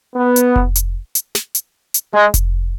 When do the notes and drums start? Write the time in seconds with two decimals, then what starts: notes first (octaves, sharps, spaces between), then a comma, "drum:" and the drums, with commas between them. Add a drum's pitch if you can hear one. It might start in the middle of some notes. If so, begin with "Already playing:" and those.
0.16 B3
0.36 drum: hi-hat
0.56 drum: kick F1
0.75 drum: hi-hat
1.15 drum: hi-hat
1.35 drum: snare
1.55 drum: hi-hat
1.94 drum: hi-hat
2.14 G#3
2.34 drum: kick F1, hi-hat